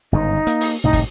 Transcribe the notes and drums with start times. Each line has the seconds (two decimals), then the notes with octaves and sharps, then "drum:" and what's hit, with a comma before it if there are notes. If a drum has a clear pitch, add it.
0.12 G1 G#2 C#3 D#4
0.47 A#3, drum: hi-hat
0.61 drum: open hi-hat
0.84 C2 A2 D#4
0.93 drum: kick, open hi-hat